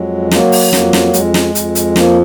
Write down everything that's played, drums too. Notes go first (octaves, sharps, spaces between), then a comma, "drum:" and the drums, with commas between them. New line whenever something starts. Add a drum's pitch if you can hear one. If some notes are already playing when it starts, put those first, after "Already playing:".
Already playing: F2 F#3 G#3
F#3 A#3, drum: snare
drum: open hi-hat
F2 A#3, drum: snare
drum: snare
F2 G#3, drum: hi-hat
drum: snare
F2, drum: hi-hat
drum: hi-hat
F3 A#3, drum: snare